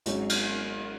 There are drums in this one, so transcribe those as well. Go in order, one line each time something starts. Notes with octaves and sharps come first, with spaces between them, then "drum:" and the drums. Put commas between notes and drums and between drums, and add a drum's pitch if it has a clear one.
G#1 G#2 F#3 C#4, drum: hi-hat
drum: cymbal